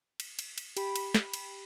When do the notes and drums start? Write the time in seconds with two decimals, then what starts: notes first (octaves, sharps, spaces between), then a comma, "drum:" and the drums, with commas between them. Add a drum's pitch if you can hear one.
0.20 drum: cymbal
0.39 drum: cymbal
0.58 drum: cymbal
0.77 G4 B5, drum: cymbal
0.96 drum: cymbal
1.15 drum: snare
1.33 drum: cymbal